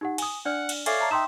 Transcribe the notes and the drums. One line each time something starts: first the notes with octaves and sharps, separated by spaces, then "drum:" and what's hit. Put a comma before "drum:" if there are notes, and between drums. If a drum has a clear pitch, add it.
D#4 G4 F#5
G#5 D#6, drum: cymbal
D4 D5 F#5 F6
drum: cymbal
A4 C#5 D5 E5 F5 G#5, drum: cymbal
E5 A5 A#5
D#4 E5 G5 C6 E7